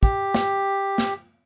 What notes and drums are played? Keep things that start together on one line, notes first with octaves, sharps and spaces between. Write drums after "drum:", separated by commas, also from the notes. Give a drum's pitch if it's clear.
G4, drum: kick
drum: snare
drum: snare